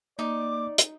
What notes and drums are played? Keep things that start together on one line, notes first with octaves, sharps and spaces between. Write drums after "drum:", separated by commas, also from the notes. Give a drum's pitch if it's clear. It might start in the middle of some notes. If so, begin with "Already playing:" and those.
A#3 D#4 D5 D6
drum: hi-hat